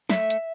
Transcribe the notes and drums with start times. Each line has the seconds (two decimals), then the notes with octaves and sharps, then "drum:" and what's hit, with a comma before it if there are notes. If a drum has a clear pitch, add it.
0.10 A3 E5, drum: snare
0.30 drum: hi-hat